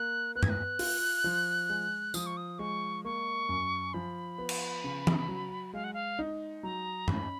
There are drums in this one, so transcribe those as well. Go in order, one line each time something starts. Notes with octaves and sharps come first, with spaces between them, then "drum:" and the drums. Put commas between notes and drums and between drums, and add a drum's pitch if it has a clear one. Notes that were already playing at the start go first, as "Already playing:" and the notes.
Already playing: A#3 F#6
B3 F#6
G#6, drum: tom G2
F#6
F4, drum: open hi-hat
F3
G#3
F3 D#6, drum: tambourine
C#6
D#6
G#3 C#6
A#3 C#6
F#2
F3 B5
B3
drum: cymbal
C#3
drum: tom
F#3
G#3 F5
F#5
F5
D#4
F#3 A#5
C#4 B5, drum: tom G2